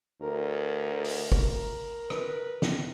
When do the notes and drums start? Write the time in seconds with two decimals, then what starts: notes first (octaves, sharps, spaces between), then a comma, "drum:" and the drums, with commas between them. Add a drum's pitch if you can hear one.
0.21 D2 A#4
1.04 drum: open hi-hat
1.32 drum: kick
2.10 B4, drum: rim click
2.62 drum: snare